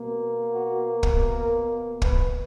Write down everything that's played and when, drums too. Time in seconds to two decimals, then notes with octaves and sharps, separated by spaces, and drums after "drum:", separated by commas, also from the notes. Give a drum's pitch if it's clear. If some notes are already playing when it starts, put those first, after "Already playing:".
Already playing: B2 A#3
0.54 F#4
1.03 drum: kick
1.28 A#4
2.02 B4, drum: kick